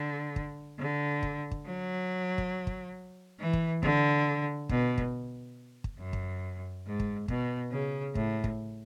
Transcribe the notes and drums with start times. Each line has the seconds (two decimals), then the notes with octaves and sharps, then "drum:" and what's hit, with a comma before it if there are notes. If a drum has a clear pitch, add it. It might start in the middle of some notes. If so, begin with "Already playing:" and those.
Already playing: D3
0.36 drum: kick
0.79 D3
1.23 drum: kick
1.51 drum: kick
1.66 F#3
2.38 drum: kick
2.67 drum: kick
3.39 E3
3.53 drum: kick
3.83 D3, drum: kick
4.69 B2, drum: kick
4.98 drum: kick
5.84 drum: kick
5.98 F#2
6.13 drum: kick
6.86 G#2
7.00 drum: kick
7.28 B2, drum: kick
7.72 C#3
8.15 A2, drum: kick
8.44 drum: kick